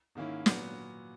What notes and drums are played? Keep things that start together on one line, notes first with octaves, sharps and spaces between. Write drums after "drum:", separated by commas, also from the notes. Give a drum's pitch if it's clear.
G#2 D#3 A#3 C#4 E4
A#2 F#3 B3 F#4, drum: snare